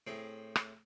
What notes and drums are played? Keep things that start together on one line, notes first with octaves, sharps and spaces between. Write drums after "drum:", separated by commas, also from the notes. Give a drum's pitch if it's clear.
A2 C4 G#4
drum: rim click